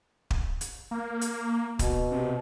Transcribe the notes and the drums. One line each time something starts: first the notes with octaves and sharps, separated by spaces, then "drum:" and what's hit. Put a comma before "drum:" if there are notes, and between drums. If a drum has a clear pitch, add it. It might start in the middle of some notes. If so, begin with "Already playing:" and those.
drum: kick
drum: hi-hat
A#3
drum: hi-hat
B2, drum: kick, hi-hat
C3